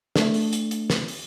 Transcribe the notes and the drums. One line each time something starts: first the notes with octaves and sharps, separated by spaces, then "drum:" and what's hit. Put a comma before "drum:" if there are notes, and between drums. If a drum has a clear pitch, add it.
A3 D4, drum: snare
drum: open hi-hat
drum: hi-hat
drum: hi-hat
drum: snare
drum: open hi-hat